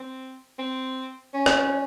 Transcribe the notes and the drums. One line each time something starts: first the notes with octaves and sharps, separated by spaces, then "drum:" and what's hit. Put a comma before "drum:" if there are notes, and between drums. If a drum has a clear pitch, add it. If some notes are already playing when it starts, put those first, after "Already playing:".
Already playing: C4
C4
C#4
drum: rim click